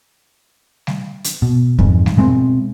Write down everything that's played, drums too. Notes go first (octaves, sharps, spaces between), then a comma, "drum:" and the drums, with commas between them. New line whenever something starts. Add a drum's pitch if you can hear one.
drum: snare G3
drum: hi-hat
B2
F2 G#2, drum: kick
drum: snare G3
B2 G#3 C4